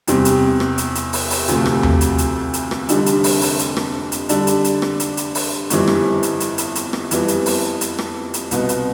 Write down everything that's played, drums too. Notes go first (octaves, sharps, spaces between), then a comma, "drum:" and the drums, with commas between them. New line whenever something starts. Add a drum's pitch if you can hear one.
E2 C3 G3 C4, drum: hi-hat
drum: hi-hat
drum: rim click
drum: hi-hat
drum: hi-hat
drum: open hi-hat
drum: open hi-hat
D2 C3 F3 A3, drum: hi-hat
drum: rim click
drum: tom D#2
drum: hi-hat
drum: hi-hat
drum: hi-hat
drum: rim click
F1 F2 D3 G3, drum: hi-hat
drum: hi-hat
drum: open hi-hat
drum: open hi-hat
drum: hi-hat
drum: rim click
drum: hi-hat
D3 G3 D4 A4, drum: hi-hat
drum: hi-hat
drum: hi-hat
drum: rim click
drum: hi-hat
drum: hi-hat
drum: open hi-hat
G1 F2 E3 G3, drum: hi-hat
drum: rim click
drum: hi-hat
drum: hi-hat
drum: hi-hat
drum: hi-hat
drum: rim click
F2 E3 G3 B3, drum: hi-hat
drum: hi-hat
drum: open hi-hat
drum: hi-hat
drum: rim click
drum: hi-hat
C2 B2 B3, drum: hi-hat
drum: hi-hat